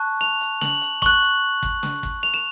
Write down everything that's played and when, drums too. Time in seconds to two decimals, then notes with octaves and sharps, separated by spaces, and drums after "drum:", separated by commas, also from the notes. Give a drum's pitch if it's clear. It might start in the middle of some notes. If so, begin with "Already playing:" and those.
Already playing: A5 C#6 F#6
0.21 F7
0.41 drum: hi-hat
0.61 F#7, drum: snare
0.82 drum: hi-hat
1.02 C#6 F#6 F#7, drum: kick
1.22 drum: hi-hat
1.63 drum: kick, hi-hat
1.83 drum: snare
2.03 drum: kick, hi-hat
2.23 F7
2.34 E7